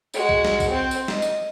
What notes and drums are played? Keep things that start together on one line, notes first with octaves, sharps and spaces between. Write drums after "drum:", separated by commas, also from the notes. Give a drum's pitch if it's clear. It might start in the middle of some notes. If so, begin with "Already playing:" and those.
G#3 F#4, drum: tambourine
drum: kick A#1
drum: snare
drum: kick A#1, tambourine
C4 C5
drum: tambourine
D#5, drum: snare
drum: tambourine